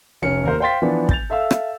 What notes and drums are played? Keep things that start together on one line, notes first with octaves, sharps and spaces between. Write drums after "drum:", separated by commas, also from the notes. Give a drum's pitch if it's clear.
F1 C#4 F6 C#7
D#2 A#4 C5
C5 F5 G5 C6 A6 B6
E3 F3 B3 D4
G6 A6 F7, drum: kick
A4 E5 F5 E6
drum: rim click